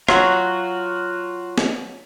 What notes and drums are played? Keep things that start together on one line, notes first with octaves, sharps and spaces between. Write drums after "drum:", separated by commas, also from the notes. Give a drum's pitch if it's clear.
F#3 F4 F#4, drum: rim click
drum: snare